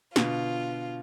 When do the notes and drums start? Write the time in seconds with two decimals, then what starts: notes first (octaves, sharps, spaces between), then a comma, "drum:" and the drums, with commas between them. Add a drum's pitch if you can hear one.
0.16 B2 D3 F4, drum: snare